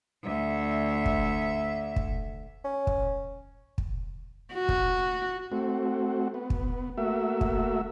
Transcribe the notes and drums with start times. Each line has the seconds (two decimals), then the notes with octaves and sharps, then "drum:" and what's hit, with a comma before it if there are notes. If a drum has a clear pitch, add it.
0.23 D2 E5
1.06 drum: kick
1.96 drum: kick
2.64 C#4
2.87 drum: kick
3.78 drum: kick
4.54 F#4
4.69 drum: kick
5.52 A3 C4 F#4
6.34 B3
6.50 drum: kick
6.98 A3 A#3 F#4 E5
7.41 drum: kick